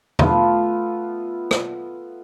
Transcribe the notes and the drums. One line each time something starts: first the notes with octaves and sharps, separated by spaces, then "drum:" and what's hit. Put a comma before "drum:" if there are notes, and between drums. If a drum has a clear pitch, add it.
A3 B3 F4, drum: tom
drum: rim click